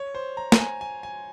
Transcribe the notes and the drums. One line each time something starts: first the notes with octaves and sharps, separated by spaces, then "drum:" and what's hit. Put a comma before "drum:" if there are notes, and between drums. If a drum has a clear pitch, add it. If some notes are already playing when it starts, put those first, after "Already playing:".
Already playing: C#5
C5
A#5
A#5, drum: snare
G#5
G#5
G#5